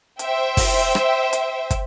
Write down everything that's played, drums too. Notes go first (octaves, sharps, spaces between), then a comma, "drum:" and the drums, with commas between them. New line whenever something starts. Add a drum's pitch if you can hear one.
C5 E5 G5, drum: hi-hat
drum: kick, open hi-hat
drum: rim click
drum: hi-hat
drum: kick, hi-hat